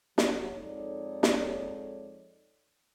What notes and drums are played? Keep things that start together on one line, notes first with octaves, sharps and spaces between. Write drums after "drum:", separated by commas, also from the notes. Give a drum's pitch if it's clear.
F#3, drum: snare
F2 G#3 D#4 A4 C#5 D5
drum: snare